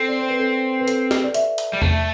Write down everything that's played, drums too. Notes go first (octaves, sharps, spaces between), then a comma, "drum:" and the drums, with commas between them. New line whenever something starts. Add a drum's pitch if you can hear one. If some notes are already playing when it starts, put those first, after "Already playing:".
Already playing: C4 A4
D5
C5
B4
A4
B4
A4, drum: hi-hat
drum: snare
D5
E5, drum: hi-hat
drum: hi-hat
G3
A3, drum: tom E2